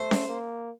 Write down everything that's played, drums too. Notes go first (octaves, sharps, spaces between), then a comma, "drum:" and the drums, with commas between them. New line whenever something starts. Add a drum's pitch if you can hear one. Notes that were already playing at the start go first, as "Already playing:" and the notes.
Already playing: A3 C5
drum: snare C#4
A#3